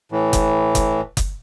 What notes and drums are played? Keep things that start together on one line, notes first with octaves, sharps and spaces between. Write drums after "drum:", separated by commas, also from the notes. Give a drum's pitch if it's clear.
A2 E3
drum: kick F#1, hi-hat
drum: kick F#1, hi-hat
drum: kick F#1, hi-hat